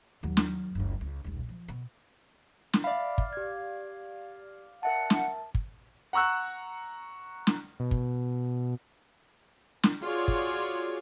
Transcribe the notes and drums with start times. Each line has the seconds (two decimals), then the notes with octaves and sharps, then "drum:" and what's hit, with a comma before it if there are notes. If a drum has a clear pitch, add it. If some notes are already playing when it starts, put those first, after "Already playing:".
0.23 D#2 F#3
0.37 drum: snare
0.75 F#1 C#2
1.01 C#2
1.24 D#1 B1
1.49 F3
1.68 B2
2.73 drum: snare
2.84 D5 E5 F5 B5
3.18 drum: kick
3.33 G4 G#6
4.83 A#4 E5 F#5 A5
5.10 drum: snare
5.55 drum: kick
6.13 F#5 A#5 C#6 E6 F#6
7.47 drum: snare
7.80 B2
7.91 drum: kick
9.83 drum: snare
10.02 F4 F#4 G#4 C#5 D5
10.28 drum: kick